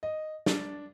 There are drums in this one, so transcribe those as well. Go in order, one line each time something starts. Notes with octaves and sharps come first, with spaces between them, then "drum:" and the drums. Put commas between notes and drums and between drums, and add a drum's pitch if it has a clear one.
D#5
D4, drum: snare